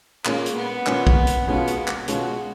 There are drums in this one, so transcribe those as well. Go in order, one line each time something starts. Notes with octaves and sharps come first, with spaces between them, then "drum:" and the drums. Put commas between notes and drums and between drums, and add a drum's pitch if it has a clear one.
A#2 G#3 A#3 C#4 G#4, drum: clap
drum: hi-hat
B3
A#2 G#3 C#4 G#4, drum: clap
drum: kick
drum: hi-hat
B2 G#3 B3 C#4 F4
drum: hi-hat
A#3
drum: clap
B2 G#3 C#4 F4 F#4, drum: hi-hat